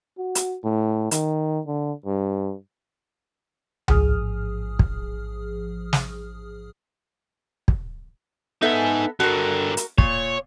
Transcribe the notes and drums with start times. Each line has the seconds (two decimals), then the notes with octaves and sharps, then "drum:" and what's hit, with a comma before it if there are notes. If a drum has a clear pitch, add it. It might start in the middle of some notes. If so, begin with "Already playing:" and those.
0.18 F#4
0.35 drum: hi-hat
0.64 A2
1.11 D#3, drum: hi-hat
1.66 D3
2.06 G2
3.88 A1 G#2 F3 G#4 D#6 F6, drum: tom C#2
4.79 drum: kick
5.93 drum: snare
7.68 drum: kick
8.62 B3 D#4 A4 E5 G#5
9.20 G2 D3 F#4 A#4
9.77 drum: hi-hat
9.98 A#2 C#5, drum: kick